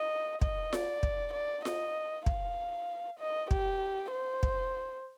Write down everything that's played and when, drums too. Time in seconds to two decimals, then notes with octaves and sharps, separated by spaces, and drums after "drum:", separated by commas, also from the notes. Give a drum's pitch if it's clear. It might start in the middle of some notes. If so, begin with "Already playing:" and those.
Already playing: D#5
0.41 D#5, drum: kick
0.73 D5, drum: snare F4
1.03 drum: kick
1.33 D5
1.65 D#5, drum: snare F4
2.26 F5, drum: kick
3.19 D#5
3.51 G4, drum: kick
4.12 C5
4.43 drum: kick